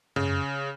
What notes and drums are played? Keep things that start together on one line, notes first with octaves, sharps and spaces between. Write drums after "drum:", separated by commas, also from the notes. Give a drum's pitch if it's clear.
C#3, drum: tom F#2